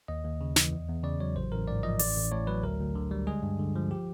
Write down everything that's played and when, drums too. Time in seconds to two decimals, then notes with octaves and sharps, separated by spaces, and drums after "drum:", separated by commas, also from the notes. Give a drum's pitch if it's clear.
0.08 D#2 D#5
0.24 D#2
0.41 C#3
0.56 E3, drum: snare
0.72 E2
0.89 E2
1.04 C#3 D5
1.20 F#3 C#5
1.36 A1 C5
1.52 A1 A#4
1.67 G#2 D5
1.83 F3 D#5
1.99 A1 D5, drum: open hi-hat
2.16 A1
2.32 A2 C#5
2.47 F#3 B4
2.63 D2 A#4
2.79 D2
2.95 D3
3.11 G3
3.27 G#3 G#4
3.43 G2
3.59 D3
3.75 F3
3.91 G4